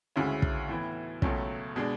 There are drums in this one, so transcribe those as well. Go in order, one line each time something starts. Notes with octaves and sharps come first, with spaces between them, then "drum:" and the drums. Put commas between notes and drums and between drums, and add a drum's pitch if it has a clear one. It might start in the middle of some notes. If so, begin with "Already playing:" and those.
D2 C#3 G#3 C#4 E4
drum: kick
A2 E3 B3
C#2 B2 F#3 A3 C#4, drum: kick
B2 G#3 D4